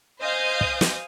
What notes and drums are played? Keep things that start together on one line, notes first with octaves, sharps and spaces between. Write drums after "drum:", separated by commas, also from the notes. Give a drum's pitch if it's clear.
C5 D#5 F5 G#5 D#6 G6
drum: kick
drum: snare